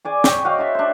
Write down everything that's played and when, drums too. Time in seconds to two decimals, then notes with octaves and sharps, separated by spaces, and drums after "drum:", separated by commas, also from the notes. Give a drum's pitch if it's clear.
0.05 G#4 D5 G#5
0.24 C#5 G5 B5, drum: snare
0.44 F#4 D#5 F5 G5
0.58 E5 A5 C6
0.75 D4 C5